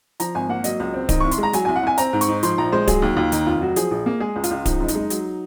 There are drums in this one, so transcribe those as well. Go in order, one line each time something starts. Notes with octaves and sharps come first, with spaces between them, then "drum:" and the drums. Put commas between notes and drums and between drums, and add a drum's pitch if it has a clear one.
F3 A#5, drum: hi-hat
G#1 G#5
A#3 F#5
F#3 D#5, drum: hi-hat
C#2
C4
D#3 D#5, drum: kick D1, hi-hat
C2 C#6
C6, drum: hi-hat
G#3 A#5
F#3 G#5, drum: hi-hat
C2 G#5
F#5
C2 G#5
C4 A#5, drum: hi-hat
G#2
C#6, drum: hi-hat
D#4
F3 C6, drum: hi-hat
A#1 A#5
G#3 C5
F#3 G#4, drum: kick D1, hi-hat
D#2
D#2 F4
D#3 D#4, drum: hi-hat
F1 F4
F#3 F#4
F3 G#4, drum: hi-hat
A#1
A#3
G#3 G#4
C#2
F4, drum: hi-hat
C#2
F3 D#4, drum: kick D1, hi-hat
F#1
D#4, drum: hi-hat
G#3
F#3, drum: hi-hat